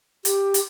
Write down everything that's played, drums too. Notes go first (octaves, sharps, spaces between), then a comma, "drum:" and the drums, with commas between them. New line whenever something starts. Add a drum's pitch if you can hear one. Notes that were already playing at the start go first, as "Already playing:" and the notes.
G4, drum: hi-hat
drum: hi-hat